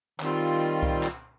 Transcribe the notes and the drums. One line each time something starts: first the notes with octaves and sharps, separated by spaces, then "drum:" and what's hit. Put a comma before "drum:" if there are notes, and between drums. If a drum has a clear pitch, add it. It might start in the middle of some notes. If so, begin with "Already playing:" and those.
D#3 G3 C4 F4, drum: clap
drum: kick C2
drum: clap